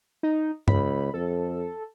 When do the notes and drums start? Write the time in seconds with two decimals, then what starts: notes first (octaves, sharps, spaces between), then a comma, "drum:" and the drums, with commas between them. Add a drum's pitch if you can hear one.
0.23 D#4
0.68 C#2 B5, drum: tom G2
1.14 F2 A4